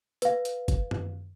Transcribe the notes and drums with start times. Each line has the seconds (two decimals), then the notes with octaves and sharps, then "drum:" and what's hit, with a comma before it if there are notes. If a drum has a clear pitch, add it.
0.22 B4 F5, drum: hi-hat
0.45 drum: hi-hat
0.68 drum: kick, hi-hat
0.91 drum: tom F#2